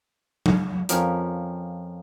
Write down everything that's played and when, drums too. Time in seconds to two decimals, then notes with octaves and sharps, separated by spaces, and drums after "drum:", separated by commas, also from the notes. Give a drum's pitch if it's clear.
0.46 drum: tom F#3
0.89 F2 F3 C#4 A#4, drum: hi-hat